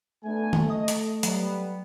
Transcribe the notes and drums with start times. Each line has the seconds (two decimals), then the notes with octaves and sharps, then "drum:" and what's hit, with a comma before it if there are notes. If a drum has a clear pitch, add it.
0.24 A3 B3 D4 G#5
0.53 drum: tom D#3
0.70 D#5 D#6
0.88 drum: hi-hat
1.23 F#3 G3 B3, drum: hi-hat